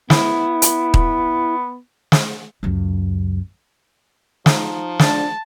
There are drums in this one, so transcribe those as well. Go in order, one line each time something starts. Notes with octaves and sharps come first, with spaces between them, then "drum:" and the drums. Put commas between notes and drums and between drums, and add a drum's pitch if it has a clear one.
B3 E4, drum: snare
drum: hi-hat
drum: kick D#1
drum: snare
C#2 F#2
F3 D#4, drum: snare
D4 A5, drum: snare